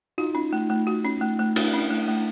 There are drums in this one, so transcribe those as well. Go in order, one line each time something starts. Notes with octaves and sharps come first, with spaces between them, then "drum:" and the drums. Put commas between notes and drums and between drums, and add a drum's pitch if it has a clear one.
D#4 F4 F#4
C#4
A3
A3
F#4
C#4
A3
A3
D4 E4 F#4, drum: cymbal
C#4
A3
A3